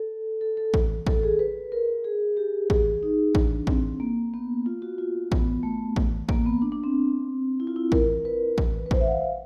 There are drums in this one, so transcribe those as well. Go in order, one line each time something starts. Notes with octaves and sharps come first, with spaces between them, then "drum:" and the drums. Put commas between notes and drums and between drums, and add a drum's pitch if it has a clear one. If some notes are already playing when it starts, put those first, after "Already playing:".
Already playing: A4
A4
A4
drum: kick A1
A4, drum: kick A1
G#4
B4
A#4
G#4
G4
G#4, drum: kick A1
D#4
D4, drum: kick A1
C4, drum: kick A1
A#3
B3
F4
F#4
F4
B3, drum: kick A1
A3
drum: kick A1
A#3, drum: kick A1
B3
D4
D4
C4
E4
F4
E4
A#4, drum: kick A1
B4
drum: kick A1
B4
C5, drum: kick A1
E5
F#5
F5